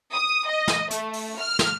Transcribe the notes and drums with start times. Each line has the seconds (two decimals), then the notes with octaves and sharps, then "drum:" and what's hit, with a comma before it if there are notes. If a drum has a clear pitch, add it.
0.14 D#6
0.49 D#5
0.68 drum: snare
0.90 A3, drum: hi-hat
1.13 drum: open hi-hat
1.40 F6
1.59 drum: snare